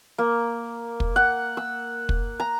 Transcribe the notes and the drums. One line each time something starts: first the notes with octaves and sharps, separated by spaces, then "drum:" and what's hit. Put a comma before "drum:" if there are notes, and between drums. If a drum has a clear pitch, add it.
A#3
drum: kick
F#5
E6
drum: kick
A#5